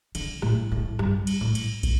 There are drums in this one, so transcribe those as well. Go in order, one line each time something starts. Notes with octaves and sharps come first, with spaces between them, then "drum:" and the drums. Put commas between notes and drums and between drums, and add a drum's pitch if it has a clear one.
D3, drum: cymbal
A2, drum: rim click
A2
G2, drum: rim click
drum: cymbal
A2
drum: cymbal
drum: kick, cymbal